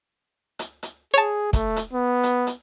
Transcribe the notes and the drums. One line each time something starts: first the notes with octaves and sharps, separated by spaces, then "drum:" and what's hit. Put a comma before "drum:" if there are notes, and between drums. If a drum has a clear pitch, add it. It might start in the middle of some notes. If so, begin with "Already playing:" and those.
drum: hi-hat
drum: hi-hat
G#4 C#5 A5
A3, drum: kick, hi-hat
drum: hi-hat
B3
drum: hi-hat
drum: hi-hat